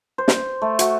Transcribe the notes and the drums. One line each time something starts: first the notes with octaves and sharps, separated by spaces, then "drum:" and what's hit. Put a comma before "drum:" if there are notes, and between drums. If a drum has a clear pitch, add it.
C5
drum: snare
A3
F#4, drum: hi-hat